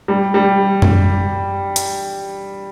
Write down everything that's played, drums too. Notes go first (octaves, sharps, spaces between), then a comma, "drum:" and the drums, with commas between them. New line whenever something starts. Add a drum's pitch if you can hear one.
G3
G3
drum: tom F#2
drum: hi-hat